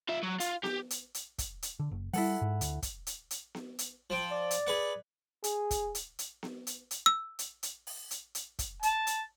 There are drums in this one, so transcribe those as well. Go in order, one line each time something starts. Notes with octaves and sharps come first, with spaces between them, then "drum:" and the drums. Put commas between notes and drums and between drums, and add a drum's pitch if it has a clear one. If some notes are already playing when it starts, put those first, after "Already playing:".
F4 E5
F#3
F4, drum: hi-hat
G4, drum: snare B3
drum: hi-hat
drum: hi-hat
drum: kick, hi-hat
drum: hi-hat
D3
F#1
F#3 G3 E4 A4 F#5, drum: open hi-hat
G#2
D2, drum: hi-hat
drum: kick, hi-hat
drum: hi-hat
drum: hi-hat
drum: snare B3
drum: hi-hat
F3 G5
D5
drum: hi-hat
G#4 B4 F#5
G#4, drum: hi-hat
drum: kick, hi-hat
drum: hi-hat
drum: hi-hat
drum: snare B3
drum: hi-hat
drum: hi-hat
E6
drum: hi-hat
drum: hi-hat
drum: open hi-hat
drum: hi-hat
drum: hi-hat
drum: kick, hi-hat
A5, drum: hi-hat
drum: hi-hat